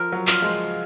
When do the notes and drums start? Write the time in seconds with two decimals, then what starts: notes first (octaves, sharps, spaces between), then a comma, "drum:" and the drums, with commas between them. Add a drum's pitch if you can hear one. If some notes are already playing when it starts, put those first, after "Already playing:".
Already playing: F3 A#4
0.12 F#3
0.27 F4, drum: clap
0.42 F3 G#3